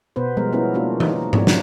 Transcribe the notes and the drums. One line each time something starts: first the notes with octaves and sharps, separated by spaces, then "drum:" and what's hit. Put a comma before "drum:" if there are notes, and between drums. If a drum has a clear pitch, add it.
B2 B3 B4 C5
F3 G3 G#3 B3 A#4
B3 C#4 E4 A#4
A#3 D4 F4 F#4
D#4, drum: tom E3
F3 G#3 A#3 C4 C#5 D5, drum: tom G#2
drum: snare